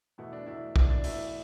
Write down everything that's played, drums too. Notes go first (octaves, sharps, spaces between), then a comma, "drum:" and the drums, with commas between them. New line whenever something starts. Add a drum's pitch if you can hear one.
E2 B2 A3 E4
D4
E2 B2 A3 E4
E2 B2 A3 D4, drum: kick
D4
E2 B2 A3 E4, drum: open hi-hat